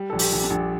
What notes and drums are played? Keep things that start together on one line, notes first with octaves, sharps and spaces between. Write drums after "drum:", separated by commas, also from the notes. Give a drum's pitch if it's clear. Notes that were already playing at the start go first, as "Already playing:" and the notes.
Already playing: G3
A#1 A4
G4, drum: open hi-hat
A#1
D4
A#1